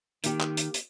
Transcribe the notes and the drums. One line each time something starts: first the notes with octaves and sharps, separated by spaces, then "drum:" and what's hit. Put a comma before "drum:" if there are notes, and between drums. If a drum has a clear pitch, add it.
D#3 A#3 G4, drum: hi-hat
drum: clap
drum: hi-hat
drum: hi-hat